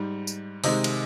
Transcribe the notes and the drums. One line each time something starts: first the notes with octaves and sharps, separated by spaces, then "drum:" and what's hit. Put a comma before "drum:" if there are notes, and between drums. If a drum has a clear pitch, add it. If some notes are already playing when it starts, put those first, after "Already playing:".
Already playing: G#2 G3
drum: tambourine
C3 D#3 G#3 D#5, drum: open hi-hat
drum: cymbal